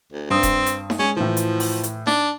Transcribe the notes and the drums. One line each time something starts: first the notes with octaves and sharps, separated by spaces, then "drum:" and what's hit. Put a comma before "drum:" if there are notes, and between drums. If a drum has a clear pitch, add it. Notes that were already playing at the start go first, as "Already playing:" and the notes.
D2
G2 C4 D#6
drum: kick D#1, hi-hat
drum: hi-hat
drum: snare D#4
G#3 C#4
A2 E3 F3
drum: hi-hat
drum: open hi-hat
drum: hi-hat
D4, drum: snare D#4